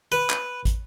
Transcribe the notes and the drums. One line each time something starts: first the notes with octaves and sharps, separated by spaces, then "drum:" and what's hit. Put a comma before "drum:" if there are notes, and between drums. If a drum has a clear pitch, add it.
B4
drum: clap
drum: kick, hi-hat